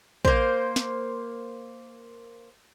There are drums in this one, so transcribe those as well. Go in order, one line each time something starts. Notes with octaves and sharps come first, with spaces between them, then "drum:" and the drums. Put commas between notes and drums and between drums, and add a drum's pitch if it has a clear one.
A#3 C5, drum: kick
drum: snare